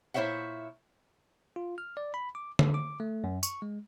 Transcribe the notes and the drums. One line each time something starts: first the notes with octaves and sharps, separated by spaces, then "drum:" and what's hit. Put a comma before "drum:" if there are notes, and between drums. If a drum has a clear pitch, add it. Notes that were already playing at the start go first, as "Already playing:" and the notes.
A#2 E4 C5 C#5 E5 F#5
F4
F6
D5
B5
D6
D3, drum: tom D3
D6
A3
F#2
C#6, drum: tambourine
G#3